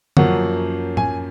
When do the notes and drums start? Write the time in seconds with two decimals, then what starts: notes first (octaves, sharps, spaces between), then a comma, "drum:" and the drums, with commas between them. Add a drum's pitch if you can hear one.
0.17 F#2 F3 A#3 C#4 F#5, drum: tom D3
0.97 G#5, drum: tom